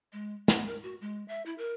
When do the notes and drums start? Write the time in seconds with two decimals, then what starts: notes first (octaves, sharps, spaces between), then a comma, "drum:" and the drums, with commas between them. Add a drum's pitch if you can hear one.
0.13 G#3
0.48 F#5, drum: snare
0.66 A#4
0.83 F#4
1.01 G#3
1.28 E5
1.46 E4
1.58 A#4